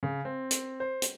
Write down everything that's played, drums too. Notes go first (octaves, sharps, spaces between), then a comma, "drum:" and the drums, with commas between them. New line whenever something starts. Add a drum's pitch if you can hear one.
C#3
C4
drum: hi-hat
C5
drum: hi-hat